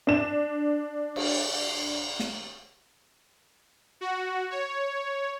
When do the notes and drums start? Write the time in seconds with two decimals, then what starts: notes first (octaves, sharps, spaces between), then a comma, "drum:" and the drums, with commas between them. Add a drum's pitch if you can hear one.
0.07 D4 E7
1.16 drum: cymbal
2.20 drum: snare
4.01 F#4
4.50 C#5